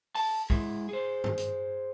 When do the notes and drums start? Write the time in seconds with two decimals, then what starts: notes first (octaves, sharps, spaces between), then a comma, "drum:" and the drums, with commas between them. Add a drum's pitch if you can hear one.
0.15 A5, drum: open hi-hat
0.50 G#3 E4, drum: kick
0.89 G#4 C5
1.24 drum: tom G2
1.38 drum: hi-hat